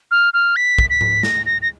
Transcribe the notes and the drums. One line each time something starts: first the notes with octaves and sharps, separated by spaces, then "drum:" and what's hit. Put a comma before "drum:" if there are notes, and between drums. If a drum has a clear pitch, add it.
F6
F6
B6
drum: kick
B6
drum: tom G#2
A#6, drum: snare
A#6
A#6